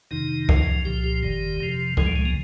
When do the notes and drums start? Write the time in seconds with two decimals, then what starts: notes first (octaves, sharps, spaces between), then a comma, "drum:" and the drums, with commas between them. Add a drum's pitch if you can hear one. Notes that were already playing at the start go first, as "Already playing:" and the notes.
0.11 F2 C3 D#3 D#4
0.49 C#2 C#3 F3, drum: kick
0.85 C2 A#2 F3 G4
1.04 G4
1.23 G1 F2 D#3
1.60 F2 C3 F3
1.97 C#2 C#3 F3 G#3, drum: kick
2.06 G3
2.16 G#3
2.25 A#3